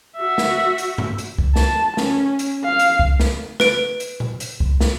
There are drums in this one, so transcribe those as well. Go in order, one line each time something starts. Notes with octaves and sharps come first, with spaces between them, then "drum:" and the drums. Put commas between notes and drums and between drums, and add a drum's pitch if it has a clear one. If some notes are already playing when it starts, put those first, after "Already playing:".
F#4 E5
drum: snare
drum: hi-hat
drum: tom G2
drum: hi-hat
drum: kick C2
A5, drum: snare
C#4, drum: snare
drum: hi-hat
F5
drum: hi-hat
drum: kick C2
drum: snare
B4 D7, drum: snare
drum: hi-hat
drum: tom A#2
drum: hi-hat
drum: kick C2
drum: snare